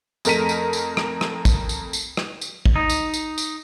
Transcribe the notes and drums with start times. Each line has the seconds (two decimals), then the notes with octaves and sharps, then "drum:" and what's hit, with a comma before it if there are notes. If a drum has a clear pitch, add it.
0.25 F2 A3 A#4 B6 D#7, drum: tambourine
0.49 drum: tambourine
0.73 drum: tambourine
0.97 drum: rim click
1.21 drum: rim click
1.45 drum: kick, tambourine
1.69 drum: tambourine
1.93 drum: tambourine
2.17 drum: rim click
2.41 drum: tambourine
2.66 drum: kick
2.76 D#4
2.90 drum: tambourine
3.14 drum: tambourine
3.38 drum: tambourine